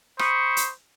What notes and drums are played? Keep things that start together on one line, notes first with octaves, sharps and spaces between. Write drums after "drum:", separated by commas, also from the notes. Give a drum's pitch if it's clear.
C5 B5 C#6 D#6, drum: rim click
drum: hi-hat